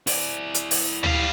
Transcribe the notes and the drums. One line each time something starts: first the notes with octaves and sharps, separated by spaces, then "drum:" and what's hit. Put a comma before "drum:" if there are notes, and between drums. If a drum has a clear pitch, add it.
E4 D5, drum: open hi-hat
drum: hi-hat
drum: open hi-hat
G3 F5, drum: tom D2